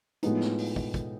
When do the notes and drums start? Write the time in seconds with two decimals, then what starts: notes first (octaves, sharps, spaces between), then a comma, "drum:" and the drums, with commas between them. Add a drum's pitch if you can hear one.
0.23 A2 F3 G#3 B3 D#4, drum: hi-hat
0.41 drum: snare
0.58 drum: open hi-hat
0.76 drum: kick
0.94 drum: kick, hi-hat